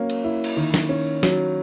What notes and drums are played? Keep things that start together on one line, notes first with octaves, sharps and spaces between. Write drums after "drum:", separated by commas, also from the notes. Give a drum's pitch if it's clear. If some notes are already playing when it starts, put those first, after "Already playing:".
Already playing: F#3 A#3 C#4
drum: cymbal
E4
drum: cymbal
D#3
drum: snare
C#4
F#3, drum: snare